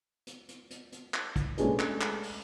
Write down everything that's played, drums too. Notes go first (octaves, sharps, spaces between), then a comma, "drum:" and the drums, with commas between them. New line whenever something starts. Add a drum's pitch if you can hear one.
drum: hi-hat
drum: hi-hat
drum: hi-hat
drum: hi-hat
drum: clap
drum: kick, hi-hat
G#3 A3 C#4 D4 G#4 B4, drum: hi-hat
drum: clap
drum: clap
drum: open hi-hat